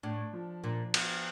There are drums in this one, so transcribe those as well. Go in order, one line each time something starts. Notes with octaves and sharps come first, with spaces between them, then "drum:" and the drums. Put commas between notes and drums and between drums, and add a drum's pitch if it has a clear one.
A2 D4
F3
A#2 D4
B3, drum: cymbal